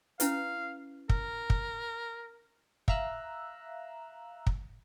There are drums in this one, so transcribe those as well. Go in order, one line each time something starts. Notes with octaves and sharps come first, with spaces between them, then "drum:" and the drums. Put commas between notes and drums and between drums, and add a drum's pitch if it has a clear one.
C#4 E4 B4 F5, drum: hi-hat
A#4, drum: kick
drum: kick
E5 F5 A#5 E6 F#6, drum: kick
drum: kick